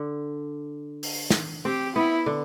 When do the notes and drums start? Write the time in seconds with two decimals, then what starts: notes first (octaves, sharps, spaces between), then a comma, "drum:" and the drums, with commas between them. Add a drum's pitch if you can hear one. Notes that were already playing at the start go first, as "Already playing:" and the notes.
Already playing: D3
1.03 drum: open hi-hat
1.30 drum: snare
1.65 C4 G4
1.96 B3 E4
2.26 D3